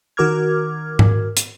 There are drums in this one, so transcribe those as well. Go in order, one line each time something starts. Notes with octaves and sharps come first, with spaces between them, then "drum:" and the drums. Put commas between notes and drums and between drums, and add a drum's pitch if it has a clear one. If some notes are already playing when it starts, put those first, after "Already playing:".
D#3 F#4 A#4 D6 F6 G#6
drum: tom G#2
drum: hi-hat